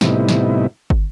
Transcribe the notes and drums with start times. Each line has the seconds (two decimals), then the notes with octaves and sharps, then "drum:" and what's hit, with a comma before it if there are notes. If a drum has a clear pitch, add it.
0.01 A2 C3 G3 B3 D#4 E4, drum: snare
0.29 drum: snare
0.90 drum: kick